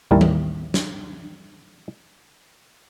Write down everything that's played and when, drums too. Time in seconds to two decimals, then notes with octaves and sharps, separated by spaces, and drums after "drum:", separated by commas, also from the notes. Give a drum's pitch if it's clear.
0.11 A1 D#2 G3 E4 A#4 A5
0.21 drum: tom D#3
0.74 drum: snare